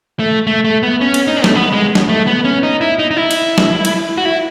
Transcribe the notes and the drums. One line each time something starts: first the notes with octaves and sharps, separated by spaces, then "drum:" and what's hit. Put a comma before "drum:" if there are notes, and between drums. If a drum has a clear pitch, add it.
A3
A3
A3
B3
C#4
drum: cymbal
D#4
A3, drum: snare
B3
G#3
drum: snare
A3
B3
C#4
D#4
E4
D#4
D#4
E4
drum: cymbal
drum: snare
drum: cymbal
F#4
E4